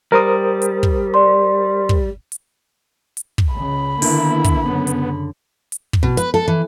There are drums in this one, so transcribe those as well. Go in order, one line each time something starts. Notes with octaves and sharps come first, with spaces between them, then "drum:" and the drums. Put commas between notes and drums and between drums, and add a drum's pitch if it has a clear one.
G3 A#4 C5 D#6
drum: hi-hat
drum: kick
D5 C6
drum: kick
drum: hi-hat
drum: hi-hat
drum: kick
C#2 C#3 B5
D3 D#3 A#3 B3 E4, drum: open hi-hat
drum: kick, hi-hat
F#2 C#3 B3
drum: hi-hat
drum: hi-hat
drum: kick
B2
B4, drum: hi-hat
A4
E3